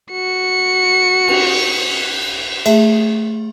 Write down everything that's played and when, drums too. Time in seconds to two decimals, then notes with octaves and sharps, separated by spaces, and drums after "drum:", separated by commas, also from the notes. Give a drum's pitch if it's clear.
0.12 F#4 C#7
1.28 drum: cymbal
2.66 A3 G#4 E5, drum: cymbal